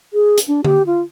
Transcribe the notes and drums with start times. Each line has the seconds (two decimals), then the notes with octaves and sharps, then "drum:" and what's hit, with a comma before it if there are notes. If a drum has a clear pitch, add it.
0.14 G#4
0.38 drum: hi-hat
0.48 D4
0.65 G4, drum: tom D3
0.87 F4